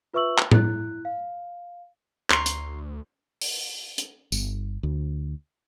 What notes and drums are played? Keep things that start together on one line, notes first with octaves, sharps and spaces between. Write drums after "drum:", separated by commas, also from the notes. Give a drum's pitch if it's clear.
F4 B4 E5 C#6 E6 F#7
drum: clap
E4 F#6, drum: tom A2
F5
D2 A#5 C6 C#6, drum: clap
drum: hi-hat
drum: open hi-hat
drum: hi-hat
G1, drum: tambourine
D2